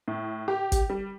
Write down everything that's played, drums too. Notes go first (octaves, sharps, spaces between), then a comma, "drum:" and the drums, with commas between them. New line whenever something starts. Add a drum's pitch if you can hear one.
A2
G4
drum: kick, hi-hat
G3